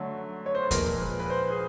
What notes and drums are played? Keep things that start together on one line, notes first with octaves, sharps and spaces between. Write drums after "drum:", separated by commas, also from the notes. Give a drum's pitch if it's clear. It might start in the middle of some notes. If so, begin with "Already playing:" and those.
Already playing: D3 F#3 A3
C#5
C5
B4
A#2 F3 G#3 A#4, drum: kick D#2, hi-hat
B4
B4
C5
G#4